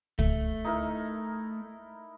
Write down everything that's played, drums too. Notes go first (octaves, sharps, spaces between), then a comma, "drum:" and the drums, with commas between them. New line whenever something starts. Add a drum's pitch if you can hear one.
A3, drum: kick
D#4 E4 A#4